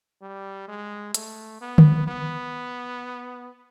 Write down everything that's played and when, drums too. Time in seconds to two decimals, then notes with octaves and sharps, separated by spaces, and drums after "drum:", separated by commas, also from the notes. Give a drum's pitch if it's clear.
0.22 G3
0.68 G#3
1.14 A3, drum: hi-hat
1.61 B3
1.78 drum: tom D3
2.08 B3